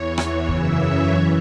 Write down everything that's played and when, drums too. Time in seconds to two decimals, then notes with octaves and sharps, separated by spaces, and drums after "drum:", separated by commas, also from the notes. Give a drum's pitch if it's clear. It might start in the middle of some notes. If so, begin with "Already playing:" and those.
Already playing: E2 E3 C#5
0.18 C#5, drum: rim click
0.49 F#2 C#3 E3 E5, drum: kick
0.80 C#5
1.10 E3